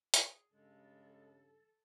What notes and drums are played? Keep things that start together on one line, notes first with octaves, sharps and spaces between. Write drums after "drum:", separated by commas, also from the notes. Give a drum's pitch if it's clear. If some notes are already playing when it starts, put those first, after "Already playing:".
G#4, drum: hi-hat
G2 C#3 G#3 A4